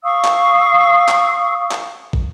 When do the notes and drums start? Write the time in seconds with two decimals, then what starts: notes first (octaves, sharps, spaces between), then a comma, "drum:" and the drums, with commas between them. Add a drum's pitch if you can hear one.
0.04 F5 C#6 D#6 E6
0.25 drum: clap
1.08 drum: clap
1.71 drum: clap
2.13 drum: kick